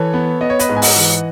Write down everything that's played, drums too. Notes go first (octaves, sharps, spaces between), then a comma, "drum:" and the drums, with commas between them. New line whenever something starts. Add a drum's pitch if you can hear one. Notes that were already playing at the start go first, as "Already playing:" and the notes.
Already playing: E3 A4 C#5
B3
B3 D#5
C#5
B4 D#5, drum: hi-hat
G#2
G#5
D#5 F#5, drum: open hi-hat
E3